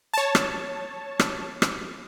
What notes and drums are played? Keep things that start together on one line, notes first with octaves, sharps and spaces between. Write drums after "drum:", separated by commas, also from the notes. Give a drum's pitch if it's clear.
C#5 A5
drum: rim click
drum: rim click
drum: rim click